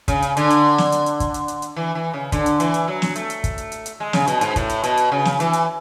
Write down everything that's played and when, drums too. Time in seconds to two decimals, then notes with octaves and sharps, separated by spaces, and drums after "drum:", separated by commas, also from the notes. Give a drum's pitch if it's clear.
0.08 C#3, drum: kick, hi-hat
0.22 drum: hi-hat
0.37 D3, drum: hi-hat
0.50 drum: hi-hat
0.78 drum: snare
0.92 drum: hi-hat
1.06 drum: hi-hat
1.20 drum: kick, hi-hat
1.34 drum: hi-hat
1.48 drum: hi-hat
1.62 drum: hi-hat
1.76 E3
1.95 E3
2.13 C#3
2.32 D3, drum: kick, hi-hat
2.46 drum: hi-hat
2.60 E3, drum: hi-hat
2.74 drum: hi-hat
2.88 F#3
3.02 drum: snare
3.16 A3, drum: hi-hat
3.30 drum: hi-hat
3.44 drum: kick, hi-hat
3.58 drum: hi-hat
3.72 drum: hi-hat
3.86 drum: hi-hat
4.00 G#3
4.13 C#3, drum: snare
4.27 B2, drum: hi-hat
4.41 G#2, drum: hi-hat
4.56 A2, drum: kick, hi-hat
4.69 drum: hi-hat
4.83 B2, drum: hi-hat
4.97 drum: hi-hat
5.12 C#3
5.25 drum: snare
5.40 E3, drum: hi-hat
5.53 drum: hi-hat